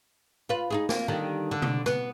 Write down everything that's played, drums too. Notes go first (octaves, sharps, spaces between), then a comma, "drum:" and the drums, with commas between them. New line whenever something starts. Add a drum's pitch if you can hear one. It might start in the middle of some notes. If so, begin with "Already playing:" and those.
F4 B4
D#4 F4 G#4
A#3, drum: snare
D3 D#3 G3
D3
drum: tom B2
B3, drum: rim click